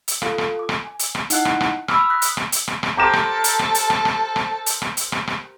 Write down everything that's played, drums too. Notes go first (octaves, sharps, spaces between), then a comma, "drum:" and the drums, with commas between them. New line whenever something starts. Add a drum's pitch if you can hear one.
drum: hi-hat
F4 A4 F5, drum: rim click
drum: rim click
D6
drum: rim click
G#5
drum: hi-hat
drum: rim click
D#4 E4 F#5 F#6, drum: hi-hat
drum: rim click
drum: rim click
B5 D6 E6 F6, drum: rim click
D#6 E6 F#6 A#6 B6
drum: hi-hat
drum: rim click
drum: hi-hat
drum: rim click
drum: rim click
G4 A4 A#4 C5 A#5 D6 E7
drum: rim click
drum: hi-hat
drum: rim click
drum: hi-hat
drum: rim click
drum: rim click
drum: rim click
drum: hi-hat
drum: rim click
drum: hi-hat
drum: rim click
drum: rim click